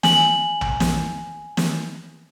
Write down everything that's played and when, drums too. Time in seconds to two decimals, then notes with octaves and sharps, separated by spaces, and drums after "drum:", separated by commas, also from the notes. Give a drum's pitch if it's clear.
0.03 G#5 F#7, drum: snare
0.61 drum: tom A#1
0.80 drum: snare
1.57 drum: snare